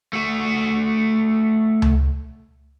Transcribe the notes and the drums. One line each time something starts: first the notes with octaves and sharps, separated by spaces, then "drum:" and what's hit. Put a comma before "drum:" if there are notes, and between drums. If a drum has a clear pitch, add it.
A3 F#4
drum: tom C#2